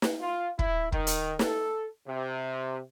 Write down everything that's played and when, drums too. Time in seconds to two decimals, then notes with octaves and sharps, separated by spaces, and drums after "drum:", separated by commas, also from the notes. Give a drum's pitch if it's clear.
0.02 drum: snare
0.21 F4
0.59 E4, drum: kick
0.92 D#3, drum: kick
1.07 drum: hi-hat
1.39 A4, drum: snare
2.07 C3